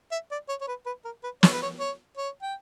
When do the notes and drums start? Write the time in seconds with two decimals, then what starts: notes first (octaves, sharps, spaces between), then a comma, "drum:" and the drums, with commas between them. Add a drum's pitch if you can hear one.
0.12 E5
0.31 D5
0.49 C#5
0.61 C#5
0.68 B4
0.86 B4
1.05 A#4
1.23 B4
1.43 C#5, drum: snare
1.53 B4
1.63 C#5
1.80 C#5
2.17 C#5
2.42 G5